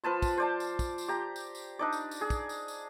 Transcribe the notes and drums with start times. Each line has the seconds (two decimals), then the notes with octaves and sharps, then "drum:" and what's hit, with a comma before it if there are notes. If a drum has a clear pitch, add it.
0.04 F3 B4 A5 C6
0.22 drum: kick, tambourine
0.37 C5 D5 A5
0.60 drum: tambourine
0.79 drum: kick, tambourine
0.98 drum: tambourine
1.08 G4 A#5
1.36 drum: tambourine
1.55 drum: tambourine
1.79 D4 D#4 D5
1.93 drum: tambourine
2.11 drum: tambourine
2.21 G#4
2.30 drum: kick, tambourine
2.49 drum: tambourine
2.68 drum: tambourine